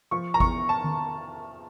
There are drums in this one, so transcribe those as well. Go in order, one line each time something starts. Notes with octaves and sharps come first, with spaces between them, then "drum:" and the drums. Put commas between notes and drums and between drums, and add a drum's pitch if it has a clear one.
F3 C#6
A#5
E2 C#6, drum: kick G#1
A5
drum: tom D#3